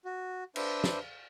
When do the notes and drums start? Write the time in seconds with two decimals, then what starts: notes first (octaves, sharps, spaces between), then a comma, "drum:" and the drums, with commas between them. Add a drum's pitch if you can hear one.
0.05 F#4
0.56 D4 B4 C5 E5, drum: cymbal
0.84 drum: snare